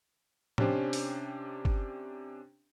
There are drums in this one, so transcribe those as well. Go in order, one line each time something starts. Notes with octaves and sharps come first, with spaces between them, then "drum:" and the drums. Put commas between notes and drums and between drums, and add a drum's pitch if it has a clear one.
C3 C#4 D4 G4 C5, drum: tom A2
drum: open hi-hat
drum: kick